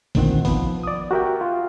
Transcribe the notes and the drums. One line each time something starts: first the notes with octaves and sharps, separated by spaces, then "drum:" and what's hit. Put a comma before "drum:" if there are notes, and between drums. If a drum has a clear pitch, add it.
D2 A#2 D#3 C4 F#5, drum: kick G#1, open hi-hat
F3 B3, drum: kick G#1, open hi-hat
D5 D#6
F#4 G4 A#4 E5 G5
F4